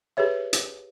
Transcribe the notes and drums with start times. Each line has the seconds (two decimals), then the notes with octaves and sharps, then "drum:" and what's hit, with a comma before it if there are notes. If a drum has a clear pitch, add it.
0.17 G4 G#4 B4 C#5 E5
0.53 drum: hi-hat